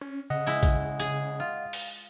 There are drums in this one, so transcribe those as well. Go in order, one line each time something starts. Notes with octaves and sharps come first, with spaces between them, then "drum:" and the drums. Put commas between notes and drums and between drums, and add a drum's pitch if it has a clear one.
C#4
C#3 D#5 F#5
G#3 E4
drum: kick, hi-hat
G#4, drum: hi-hat
F4
drum: open hi-hat